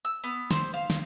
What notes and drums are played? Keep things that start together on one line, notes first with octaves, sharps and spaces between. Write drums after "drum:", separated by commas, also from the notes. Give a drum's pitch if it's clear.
E6
B3
C5, drum: snare
F5
drum: snare